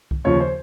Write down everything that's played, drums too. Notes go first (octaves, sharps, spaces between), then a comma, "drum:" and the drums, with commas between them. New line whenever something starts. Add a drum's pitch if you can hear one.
drum: kick C2
D#2 C#3 F3 C#5
C5